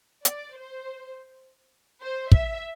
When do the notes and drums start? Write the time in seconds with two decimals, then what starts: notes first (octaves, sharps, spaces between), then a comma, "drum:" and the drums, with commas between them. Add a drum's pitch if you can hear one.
0.25 D5, drum: hi-hat
0.54 C5
2.02 C5
2.32 E5, drum: kick